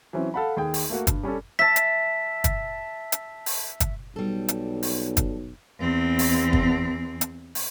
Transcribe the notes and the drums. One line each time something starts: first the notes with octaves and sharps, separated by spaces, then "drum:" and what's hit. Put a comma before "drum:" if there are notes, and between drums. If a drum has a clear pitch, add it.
E3 F#3 C4 C#4
A4 F5 F#5 A5 B5
D#2 G#4 G5
drum: open hi-hat
A3 A#3 F#4
G2, drum: kick, hi-hat
G3 C#4 D4 A4
E5 A5 B6
drum: hi-hat
drum: kick, hi-hat
drum: hi-hat
drum: open hi-hat
drum: kick, hi-hat
B1 G3 A4
drum: hi-hat
drum: open hi-hat
drum: kick, hi-hat
E2 C4
drum: open hi-hat
drum: kick
drum: hi-hat
drum: open hi-hat